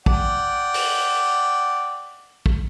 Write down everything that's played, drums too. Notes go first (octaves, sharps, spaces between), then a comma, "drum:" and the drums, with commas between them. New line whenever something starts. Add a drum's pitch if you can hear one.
D5 F#5 G5, drum: kick
drum: open hi-hat
drum: kick